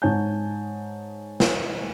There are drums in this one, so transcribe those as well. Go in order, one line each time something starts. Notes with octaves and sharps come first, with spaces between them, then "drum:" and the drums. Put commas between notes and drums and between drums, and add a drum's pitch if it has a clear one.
G#2 D#4 C#5 G#5 A5 G6
drum: snare